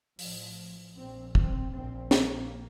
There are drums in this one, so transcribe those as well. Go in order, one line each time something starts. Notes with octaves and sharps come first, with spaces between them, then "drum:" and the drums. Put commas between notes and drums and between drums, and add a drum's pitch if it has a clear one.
A1 A2 F3, drum: open hi-hat
A#1 A#2 C4
C4, drum: kick
A#1 A#2 C4
A#3, drum: snare